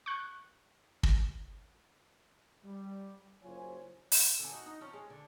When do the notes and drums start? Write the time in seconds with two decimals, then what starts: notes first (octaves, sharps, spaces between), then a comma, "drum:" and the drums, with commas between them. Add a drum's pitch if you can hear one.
0.06 C#6 F#6
1.03 drum: kick
2.64 G3
3.43 F#1 F#3 F4 C5 C#5 G#5
4.12 drum: open hi-hat
4.40 D3 B3 G#5
4.52 D#4 F#4
4.66 D#4
4.81 F3 C4 C#4
4.93 G#3
5.10 D3